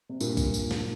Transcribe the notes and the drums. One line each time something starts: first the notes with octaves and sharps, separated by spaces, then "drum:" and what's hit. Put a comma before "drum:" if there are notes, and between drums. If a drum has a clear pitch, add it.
C3
G2 A#2, drum: tambourine
drum: kick, tambourine
drum: tambourine
drum: snare